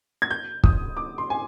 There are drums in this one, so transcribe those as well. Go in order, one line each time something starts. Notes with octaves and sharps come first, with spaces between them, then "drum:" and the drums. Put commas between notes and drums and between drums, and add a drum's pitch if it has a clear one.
G#6
G6
D#6, drum: kick
D6
C6
G#5